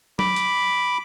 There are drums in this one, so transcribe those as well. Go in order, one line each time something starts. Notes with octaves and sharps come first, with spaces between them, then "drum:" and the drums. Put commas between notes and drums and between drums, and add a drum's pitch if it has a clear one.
B5 D6, drum: tom F#3
drum: hi-hat